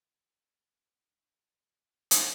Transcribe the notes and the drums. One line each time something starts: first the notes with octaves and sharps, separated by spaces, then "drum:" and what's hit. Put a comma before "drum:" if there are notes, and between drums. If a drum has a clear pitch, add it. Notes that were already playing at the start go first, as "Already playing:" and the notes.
C#3
D4
drum: hi-hat